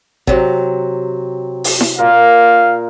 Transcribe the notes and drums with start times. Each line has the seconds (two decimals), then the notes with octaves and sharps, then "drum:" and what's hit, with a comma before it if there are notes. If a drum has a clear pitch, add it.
0.27 C3 F#3, drum: kick G#1
1.64 drum: open hi-hat
1.81 drum: snare E4
1.98 A#2 F4 A#4 F5